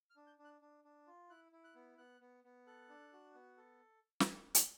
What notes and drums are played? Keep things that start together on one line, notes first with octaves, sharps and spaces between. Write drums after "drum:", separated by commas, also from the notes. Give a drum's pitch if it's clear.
F6
D4
G6
D4
F#6
D4
D4
F4
E4 F#6
E4
F#6
B3
B3 F#6
B3
B3
A4 F#6
D4
F#4
B3
A4
drum: snare
drum: hi-hat